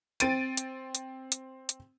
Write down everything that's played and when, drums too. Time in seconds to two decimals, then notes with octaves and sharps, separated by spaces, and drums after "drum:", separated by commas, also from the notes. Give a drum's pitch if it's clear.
0.20 C4 A6 D7 D#7, drum: hi-hat
0.57 drum: hi-hat
0.95 drum: hi-hat
1.32 drum: hi-hat
1.69 drum: hi-hat